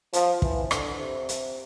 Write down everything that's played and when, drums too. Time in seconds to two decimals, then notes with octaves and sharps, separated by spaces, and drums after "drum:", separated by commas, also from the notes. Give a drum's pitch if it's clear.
0.13 F3, drum: hi-hat
0.42 E3, drum: kick
0.71 D3, drum: rim click
1.00 C3
1.29 drum: hi-hat